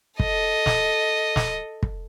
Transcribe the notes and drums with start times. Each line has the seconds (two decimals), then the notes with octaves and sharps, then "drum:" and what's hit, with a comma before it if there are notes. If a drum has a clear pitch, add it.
0.20 A4 D#5, drum: kick
0.66 drum: snare
1.36 drum: snare
1.83 drum: kick